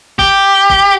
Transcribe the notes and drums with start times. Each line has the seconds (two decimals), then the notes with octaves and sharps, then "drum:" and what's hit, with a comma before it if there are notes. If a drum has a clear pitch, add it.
0.19 G4, drum: kick G1
0.70 drum: kick G1